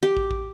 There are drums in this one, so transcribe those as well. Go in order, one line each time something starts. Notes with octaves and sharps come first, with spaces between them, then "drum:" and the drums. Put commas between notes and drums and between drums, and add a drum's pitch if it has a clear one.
G4
drum: kick
drum: kick